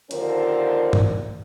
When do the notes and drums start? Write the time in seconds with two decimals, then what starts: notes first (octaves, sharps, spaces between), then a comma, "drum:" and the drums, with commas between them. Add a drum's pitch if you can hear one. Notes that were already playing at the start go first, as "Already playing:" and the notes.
0.11 D#2 D3 F3 C4 A#4, drum: hi-hat
0.93 drum: tom G2